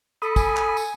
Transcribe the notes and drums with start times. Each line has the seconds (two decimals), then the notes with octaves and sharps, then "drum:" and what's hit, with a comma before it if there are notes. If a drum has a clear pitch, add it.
0.22 A4 B5 D#6
0.36 G#5, drum: kick, tambourine
0.57 drum: clap
0.77 drum: tambourine